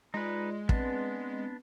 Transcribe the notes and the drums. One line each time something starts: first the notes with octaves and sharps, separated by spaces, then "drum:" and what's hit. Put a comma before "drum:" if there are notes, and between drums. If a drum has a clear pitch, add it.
G#3 D#4 F4 B4 D5
B3 C4 D4 B4, drum: kick